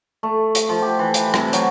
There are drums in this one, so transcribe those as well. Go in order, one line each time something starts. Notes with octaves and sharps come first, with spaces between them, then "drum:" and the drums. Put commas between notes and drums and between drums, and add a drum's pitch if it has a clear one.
A3
drum: hi-hat
F3
G4
E3
drum: hi-hat
C3, drum: rim click
F#3, drum: hi-hat